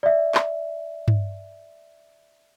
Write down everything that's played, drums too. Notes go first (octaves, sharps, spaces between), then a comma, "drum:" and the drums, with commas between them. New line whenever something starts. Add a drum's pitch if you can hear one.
D5 E5
drum: clap
drum: tom G2